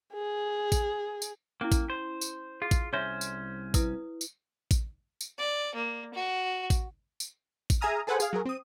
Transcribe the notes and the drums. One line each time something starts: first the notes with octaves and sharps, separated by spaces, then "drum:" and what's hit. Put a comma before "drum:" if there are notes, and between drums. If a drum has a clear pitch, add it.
G#4
drum: kick A1, tambourine
drum: tambourine
A#3 C#4 E4
drum: kick A1, tambourine
C5
drum: tambourine
F4 G#4
drum: kick A1, tambourine
C2 C#4 C5 C#5 E5
drum: tambourine
E4 B4 D#6, drum: kick A1, tambourine
drum: tambourine
drum: kick A1, tambourine
drum: tambourine
D5
A#3
F#4
drum: kick A1, tambourine
drum: tambourine
drum: kick A1, tambourine
G#4 E5 G#5 A#5 D#6 F6
G#4 A4 B4 C5 F#5 G#5
G#4 F5, drum: tambourine
F#3 G#4 A#4
C4 D#6